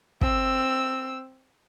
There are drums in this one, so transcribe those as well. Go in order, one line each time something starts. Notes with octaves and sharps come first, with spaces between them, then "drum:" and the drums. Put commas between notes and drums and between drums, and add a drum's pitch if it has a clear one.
C4 E6, drum: kick